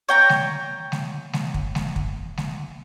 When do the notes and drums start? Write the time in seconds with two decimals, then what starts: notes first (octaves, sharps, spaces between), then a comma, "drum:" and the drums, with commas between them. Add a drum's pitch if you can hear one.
0.09 C#5 G5 A#5
0.29 drum: snare G#3
0.92 drum: snare G#3
1.33 drum: snare G#3
1.54 drum: kick
1.75 drum: snare G#3
1.96 drum: kick
2.37 drum: snare G#3